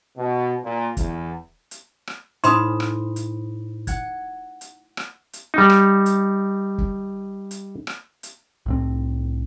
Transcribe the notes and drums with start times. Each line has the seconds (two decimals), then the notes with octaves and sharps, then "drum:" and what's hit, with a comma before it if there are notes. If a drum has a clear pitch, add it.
0.17 B2
0.64 A#2
0.97 E2, drum: kick, hi-hat
1.71 drum: hi-hat
2.07 drum: rim click
2.44 A2 D#4 C5 B5 C6 D#6, drum: hi-hat
2.80 drum: rim click
3.16 drum: hi-hat
3.87 F#5 F#6 G#6, drum: kick, hi-hat
4.61 drum: hi-hat
4.97 drum: rim click
5.33 drum: hi-hat
5.54 G3 D#4
5.70 drum: rim click
6.06 drum: hi-hat
6.78 drum: kick
7.51 drum: hi-hat
7.87 drum: rim click
8.23 drum: hi-hat
8.66 C2 A2 C4